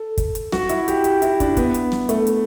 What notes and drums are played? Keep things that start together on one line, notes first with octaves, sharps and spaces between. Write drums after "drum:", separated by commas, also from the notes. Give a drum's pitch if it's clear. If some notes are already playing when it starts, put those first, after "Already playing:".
Already playing: A4
drum: kick, hi-hat
drum: hi-hat
F#4, drum: snare
E4, drum: hi-hat
G4, drum: hi-hat
G4, drum: hi-hat
E4, drum: hi-hat
D4, drum: kick, hi-hat
B3, drum: kick, hi-hat
drum: hi-hat
drum: snare
A3, drum: hi-hat
drum: hi-hat